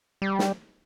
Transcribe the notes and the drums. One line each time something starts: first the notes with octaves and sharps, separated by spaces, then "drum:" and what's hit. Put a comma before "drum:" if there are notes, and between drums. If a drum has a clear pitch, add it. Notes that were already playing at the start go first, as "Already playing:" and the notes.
G3
drum: snare